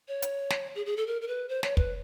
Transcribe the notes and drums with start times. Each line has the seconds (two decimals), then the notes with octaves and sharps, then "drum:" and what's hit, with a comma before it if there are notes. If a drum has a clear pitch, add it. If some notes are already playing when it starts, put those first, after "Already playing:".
0.08 C#5
0.22 drum: hi-hat
0.51 drum: snare
0.75 G#4
0.86 G#4
0.97 A4
1.07 A#4
1.21 A#4
1.28 B4
1.49 C5
1.63 C#5, drum: snare
1.77 B4, drum: kick